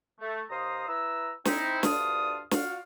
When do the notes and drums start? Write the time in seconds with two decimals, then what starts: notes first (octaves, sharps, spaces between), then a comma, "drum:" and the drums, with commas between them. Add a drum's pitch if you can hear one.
0.20 A3
0.50 D#2 C5 F5 A#5 D#6
0.88 E4 B4 A#5 E6
1.45 C4 D#4 E4, drum: snare
1.83 D2 G2 D4 F4 D#6, drum: snare
2.51 F4 F#4 D5 F5, drum: snare